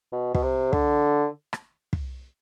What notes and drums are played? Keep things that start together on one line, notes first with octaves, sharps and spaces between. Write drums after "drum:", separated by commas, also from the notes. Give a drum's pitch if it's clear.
B2
B2, drum: kick
C3
D3, drum: kick
drum: rim click
drum: kick